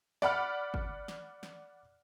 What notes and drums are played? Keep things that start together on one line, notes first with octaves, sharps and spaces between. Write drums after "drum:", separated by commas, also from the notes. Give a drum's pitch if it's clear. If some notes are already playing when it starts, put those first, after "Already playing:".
D5 F#5 B5 F6, drum: snare
drum: kick G1
drum: snare
drum: snare